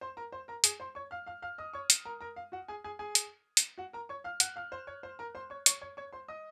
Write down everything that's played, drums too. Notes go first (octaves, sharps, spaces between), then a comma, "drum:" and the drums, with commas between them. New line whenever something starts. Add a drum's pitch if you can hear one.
C5 C6
A#4 A#5
C5 C6
A#4 A#5
G#4 G#5, drum: hi-hat
C5 C6
C#5 C#6
F5 F6
F5 F6
F5 F6
D#5 D#6
C#5 C#6
drum: hi-hat
A#4 A#5
A#4 A#5
F5
F#4 F#5
G#4 G#5
G#4 G#5
G#4 G#5
drum: hi-hat
drum: hi-hat
F#4 F#5
A#4 A#5
C#5 C#6
F5 F6
F#5 F#6, drum: hi-hat
F5 F6
C5 C6
C#5 C#6
C5 C6
A#4 A#5
C5 C6
C#5 C#6
C#5 C#6, drum: hi-hat
C#5 C#6
C#5 C#6
C5 C6
D#5 D#6